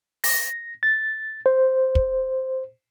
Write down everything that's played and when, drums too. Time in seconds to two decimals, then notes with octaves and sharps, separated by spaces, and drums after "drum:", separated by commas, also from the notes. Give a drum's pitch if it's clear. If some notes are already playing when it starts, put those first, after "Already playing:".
0.24 A#6, drum: open hi-hat
0.83 A6
1.46 C5
1.95 drum: kick